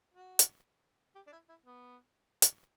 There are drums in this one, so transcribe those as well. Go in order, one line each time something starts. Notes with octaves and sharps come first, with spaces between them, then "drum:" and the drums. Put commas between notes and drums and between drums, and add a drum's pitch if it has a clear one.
F#4
drum: hi-hat
G4
D4
E4
E4
B3
drum: hi-hat